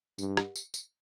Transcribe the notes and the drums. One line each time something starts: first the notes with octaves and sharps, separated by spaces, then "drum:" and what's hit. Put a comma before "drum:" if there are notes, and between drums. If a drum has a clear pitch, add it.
G2, drum: tambourine
drum: rim click
drum: tambourine
drum: tambourine